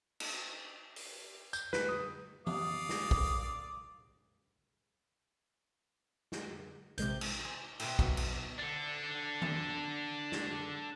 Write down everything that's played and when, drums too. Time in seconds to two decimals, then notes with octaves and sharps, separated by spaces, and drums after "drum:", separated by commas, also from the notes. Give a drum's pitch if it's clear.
0.20 drum: cymbal
0.96 drum: open hi-hat
1.53 G6, drum: tambourine
1.73 B4, drum: snare
1.89 D#6
2.47 D5 F5 D#6, drum: tom E3
2.89 drum: snare
3.11 drum: kick
6.32 drum: snare
6.98 A#1 C3 G#3 G6, drum: hi-hat
7.21 drum: cymbal
7.40 C5 G#5
7.80 B2 B4 C5 E5 G5, drum: cymbal
7.99 B2 F#3, drum: kick
8.17 drum: cymbal
8.58 D4 A4
9.42 drum: tom D#3
10.32 drum: snare